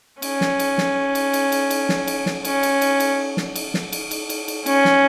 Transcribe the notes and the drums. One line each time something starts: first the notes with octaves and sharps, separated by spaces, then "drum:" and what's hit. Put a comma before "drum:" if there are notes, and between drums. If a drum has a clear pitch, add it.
C#4, drum: cymbal
drum: snare
drum: cymbal
drum: snare
drum: cymbal
drum: cymbal
drum: cymbal
drum: cymbal
drum: snare
drum: cymbal
drum: snare
C#4, drum: cymbal
drum: cymbal
drum: cymbal
drum: cymbal
drum: snare
drum: cymbal
drum: snare
drum: cymbal
drum: cymbal
drum: cymbal
drum: cymbal
C#4, drum: cymbal
drum: snare